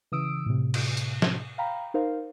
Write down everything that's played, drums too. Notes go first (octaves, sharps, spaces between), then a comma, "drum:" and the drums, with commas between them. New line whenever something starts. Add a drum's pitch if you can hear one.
C#3 E3 D#6 E6 D7
A2 C3
drum: cymbal
drum: tambourine
drum: snare
F5 G5 A#5 B5
D#4 A#4 C5 F5